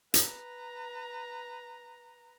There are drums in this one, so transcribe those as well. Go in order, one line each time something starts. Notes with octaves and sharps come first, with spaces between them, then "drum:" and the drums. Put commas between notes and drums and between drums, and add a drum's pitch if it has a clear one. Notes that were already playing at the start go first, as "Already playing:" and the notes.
B4 A#5, drum: hi-hat